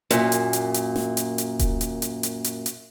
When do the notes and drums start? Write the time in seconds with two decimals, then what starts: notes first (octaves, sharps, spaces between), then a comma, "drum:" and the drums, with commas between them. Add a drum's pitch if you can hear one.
0.11 F#2 A#2, drum: hi-hat
0.32 drum: hi-hat
0.53 drum: hi-hat
0.74 drum: hi-hat
0.96 drum: snare
1.17 drum: hi-hat
1.38 drum: hi-hat
1.59 drum: kick D#1, hi-hat
1.81 drum: hi-hat
2.02 drum: hi-hat
2.23 drum: hi-hat
2.44 drum: hi-hat
2.66 drum: hi-hat